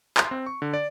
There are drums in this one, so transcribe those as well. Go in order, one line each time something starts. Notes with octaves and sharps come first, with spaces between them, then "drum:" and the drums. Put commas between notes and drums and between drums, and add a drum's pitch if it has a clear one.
C6, drum: clap
C4
C#6
D3
D5